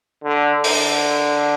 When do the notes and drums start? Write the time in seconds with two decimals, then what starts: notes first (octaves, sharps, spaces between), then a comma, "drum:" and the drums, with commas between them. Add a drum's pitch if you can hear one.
0.24 D3
0.64 D3, drum: open hi-hat